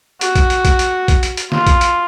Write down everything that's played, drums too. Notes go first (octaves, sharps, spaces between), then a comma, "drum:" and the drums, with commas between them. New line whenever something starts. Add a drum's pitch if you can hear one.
F#4, drum: hi-hat
drum: kick, hi-hat
drum: hi-hat
drum: kick, hi-hat
drum: hi-hat
drum: kick, hi-hat
drum: hi-hat
drum: hi-hat
F4, drum: snare
drum: kick, hi-hat
drum: hi-hat